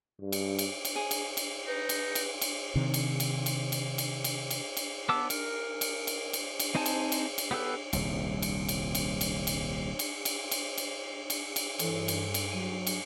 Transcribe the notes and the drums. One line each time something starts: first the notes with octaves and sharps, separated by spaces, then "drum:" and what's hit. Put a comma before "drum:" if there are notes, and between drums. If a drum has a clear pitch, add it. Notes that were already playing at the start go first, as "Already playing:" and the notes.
G2
drum: cymbal
drum: cymbal
drum: cymbal
G#4
drum: cymbal
drum: cymbal
D#4 B4
drum: cymbal
drum: cymbal
drum: cymbal
C3 D#3
drum: cymbal
drum: cymbal
drum: cymbal
drum: cymbal
drum: cymbal
drum: cymbal
drum: cymbal
drum: cymbal
B3 A5 D6 E6
A#4, drum: cymbal
drum: cymbal
drum: cymbal
drum: cymbal
drum: cymbal
C4 D#4 C5 G#5 A5
drum: cymbal
drum: cymbal
drum: cymbal
B3 G4 A4 B4
D#1 C2, drum: cymbal
drum: cymbal
drum: cymbal
drum: cymbal
drum: cymbal
drum: cymbal
drum: cymbal
drum: cymbal
drum: cymbal
drum: cymbal
drum: cymbal
drum: cymbal
G2 E3 A4, drum: cymbal
drum: cymbal
drum: cymbal
F#3 D#7
drum: cymbal